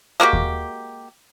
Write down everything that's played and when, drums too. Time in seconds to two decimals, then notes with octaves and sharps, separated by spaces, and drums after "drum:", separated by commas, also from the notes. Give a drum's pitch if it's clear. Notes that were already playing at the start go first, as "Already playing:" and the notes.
0.20 G#3 A#3 F#4 G4
0.33 drum: kick D#2